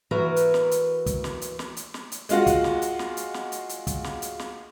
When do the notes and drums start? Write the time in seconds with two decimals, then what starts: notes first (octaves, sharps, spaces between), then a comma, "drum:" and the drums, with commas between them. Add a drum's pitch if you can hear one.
0.11 E3 F#4 A#4 B4 A#5
0.36 drum: hi-hat
0.54 drum: snare
0.71 drum: hi-hat
1.06 drum: kick, hi-hat
1.24 drum: snare
1.42 drum: hi-hat
1.59 drum: snare
1.77 drum: hi-hat
1.94 drum: snare
2.12 drum: hi-hat
2.29 G#3 F4 F#4, drum: hi-hat
2.47 drum: kick, hi-hat
2.64 drum: snare
2.82 drum: hi-hat
2.99 drum: snare
3.17 drum: hi-hat
3.34 drum: snare
3.52 drum: hi-hat
3.69 drum: hi-hat
3.87 drum: kick, hi-hat
4.04 drum: snare
4.22 drum: hi-hat
4.39 drum: snare